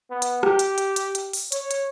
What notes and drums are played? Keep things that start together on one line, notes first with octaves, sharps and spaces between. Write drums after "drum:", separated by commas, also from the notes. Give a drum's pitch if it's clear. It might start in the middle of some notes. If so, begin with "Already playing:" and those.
B3
drum: hi-hat
G4, drum: rim click
drum: hi-hat
drum: hi-hat
drum: hi-hat
drum: hi-hat
drum: open hi-hat
C#5, drum: hi-hat
drum: hi-hat